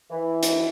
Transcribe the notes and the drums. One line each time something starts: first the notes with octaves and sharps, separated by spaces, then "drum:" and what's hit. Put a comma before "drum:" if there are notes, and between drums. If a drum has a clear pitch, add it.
E3
drum: hi-hat